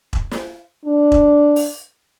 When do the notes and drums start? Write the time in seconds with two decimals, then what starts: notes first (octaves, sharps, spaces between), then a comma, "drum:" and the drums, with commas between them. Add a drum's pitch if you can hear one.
0.13 drum: kick E1
0.31 drum: snare
0.86 D4
1.12 drum: kick E1
1.56 drum: open hi-hat